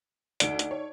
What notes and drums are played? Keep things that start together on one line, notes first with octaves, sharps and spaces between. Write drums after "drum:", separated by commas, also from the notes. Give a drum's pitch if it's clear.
D2 D#4 D5 D7, drum: hi-hat
drum: hi-hat
C#5